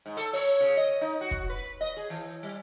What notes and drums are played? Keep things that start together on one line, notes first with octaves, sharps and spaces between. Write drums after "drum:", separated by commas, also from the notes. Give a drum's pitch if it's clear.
G#2
A4, drum: hi-hat
C#5, drum: open hi-hat
C#3
D#5
D#4
F#4
drum: kick
B4
D#5
G#4
E3
G3